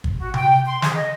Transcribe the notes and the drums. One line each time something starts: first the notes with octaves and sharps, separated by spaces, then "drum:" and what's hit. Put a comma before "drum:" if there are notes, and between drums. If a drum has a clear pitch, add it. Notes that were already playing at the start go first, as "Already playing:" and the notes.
drum: kick G1
F#4
G5, drum: tom C3
C6
G#4, drum: snare
D#5